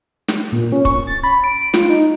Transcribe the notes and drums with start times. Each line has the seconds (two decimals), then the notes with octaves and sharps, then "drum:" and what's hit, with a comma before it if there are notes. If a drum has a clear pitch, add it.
0.28 drum: snare
0.52 A#2
0.72 C#4
0.85 C#6, drum: kick
1.07 A6
1.24 B5
1.44 D7
1.74 F4, drum: snare
1.89 D#4